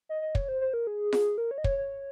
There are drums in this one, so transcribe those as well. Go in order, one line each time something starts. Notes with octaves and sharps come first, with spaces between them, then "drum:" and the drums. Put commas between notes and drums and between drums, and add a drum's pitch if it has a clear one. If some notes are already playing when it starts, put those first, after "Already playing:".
D#5
D#5
C#5, drum: kick
C5
C5
A#4
G#4
G#4, drum: snare F4
A#4
C#5
D#5
C#5, drum: kick
C#5